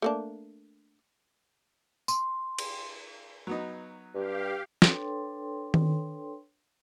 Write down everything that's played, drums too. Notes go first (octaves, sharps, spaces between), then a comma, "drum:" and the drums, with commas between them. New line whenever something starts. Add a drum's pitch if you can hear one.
A3 A#3 D4
C6, drum: tambourine
drum: cymbal
F#3 B3 D#4
G2 G4 F5
D4 A4 B4 C#5 G5 C6, drum: snare
drum: tom D#3